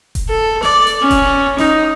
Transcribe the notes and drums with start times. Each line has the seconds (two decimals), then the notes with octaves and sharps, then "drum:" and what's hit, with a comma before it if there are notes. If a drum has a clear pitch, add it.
0.15 drum: kick E1, hi-hat
0.29 A4
0.63 D5, drum: snare
0.87 drum: hi-hat
1.01 C#4
1.11 drum: kick E1, hi-hat
1.58 D#4, drum: snare